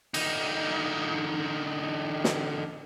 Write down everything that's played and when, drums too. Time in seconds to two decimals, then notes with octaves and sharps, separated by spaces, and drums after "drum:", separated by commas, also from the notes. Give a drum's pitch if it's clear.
0.14 D3 D#4, drum: cymbal
2.24 drum: snare